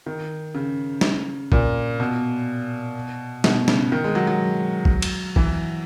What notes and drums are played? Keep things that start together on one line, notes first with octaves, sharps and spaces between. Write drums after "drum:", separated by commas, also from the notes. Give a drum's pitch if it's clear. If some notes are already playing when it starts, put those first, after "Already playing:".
D#3
C#3
drum: snare
A#2, drum: kick A1
B2
B2, drum: snare
C#3, drum: snare
D#3
G#3
F#3
F#3
drum: kick A1
drum: cymbal
E3, drum: kick A1